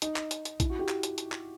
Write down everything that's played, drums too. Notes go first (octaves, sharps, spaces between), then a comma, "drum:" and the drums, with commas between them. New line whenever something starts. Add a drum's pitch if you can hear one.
D#4, drum: hi-hat
drum: clap
drum: hi-hat
drum: hi-hat
E4, drum: kick A#1, hi-hat
F#4
G4
drum: clap
drum: hi-hat
drum: hi-hat
drum: clap